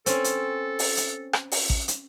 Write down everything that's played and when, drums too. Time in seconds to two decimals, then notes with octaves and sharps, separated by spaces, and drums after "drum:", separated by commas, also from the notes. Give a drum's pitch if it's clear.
0.06 C4 C#4 A4, drum: hi-hat
0.24 drum: hi-hat
0.79 drum: open hi-hat
0.97 drum: hi-hat
1.33 drum: rim click
1.51 drum: open hi-hat
1.70 drum: kick A1
1.88 drum: hi-hat